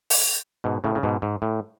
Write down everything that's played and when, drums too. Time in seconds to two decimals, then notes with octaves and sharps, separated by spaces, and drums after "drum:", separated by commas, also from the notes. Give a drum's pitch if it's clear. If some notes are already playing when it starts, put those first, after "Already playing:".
0.10 drum: open hi-hat
0.64 G#2 B2
0.84 A2 C#3
0.95 C#3
1.03 G#2 B2
1.22 G#2
1.42 A2